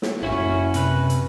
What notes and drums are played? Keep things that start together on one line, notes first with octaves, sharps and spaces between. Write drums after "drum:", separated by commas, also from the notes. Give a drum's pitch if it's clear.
drum: snare
F#1 C#4 E4 F#4
C3 B4, drum: hi-hat
drum: hi-hat